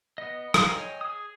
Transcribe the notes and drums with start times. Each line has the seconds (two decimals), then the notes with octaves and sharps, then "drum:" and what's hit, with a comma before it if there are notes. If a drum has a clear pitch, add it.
0.18 B3 D#5
0.54 G#4 F5 A#5 C6 F6, drum: rim click
0.71 C#5 D#5 G5 G#5
1.01 G#4 D#6